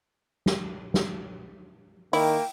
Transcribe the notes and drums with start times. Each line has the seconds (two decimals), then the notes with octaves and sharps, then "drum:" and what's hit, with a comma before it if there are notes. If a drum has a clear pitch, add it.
0.46 drum: snare
0.94 drum: snare
2.13 D#3 A#3 E4 G5, drum: open hi-hat